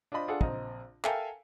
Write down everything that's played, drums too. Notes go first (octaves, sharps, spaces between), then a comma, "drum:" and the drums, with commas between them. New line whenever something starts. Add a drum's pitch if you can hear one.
D4 F4 C5 D#5 B5
D4 F4 G#4 A4 F#5
A#1 C4 D#5 A#5, drum: kick
A4 A#4 E5 F5 G5 G#5, drum: clap